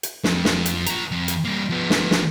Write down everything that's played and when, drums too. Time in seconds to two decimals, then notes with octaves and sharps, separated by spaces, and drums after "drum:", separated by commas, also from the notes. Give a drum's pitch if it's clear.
0.03 drum: hi-hat
0.24 F2, drum: snare
0.45 drum: snare
0.66 drum: hi-hat
0.86 F3 A#5, drum: hi-hat
1.11 F2
1.28 drum: hi-hat
1.45 G3 A#3
1.69 F3 B3
1.90 drum: snare
2.11 drum: snare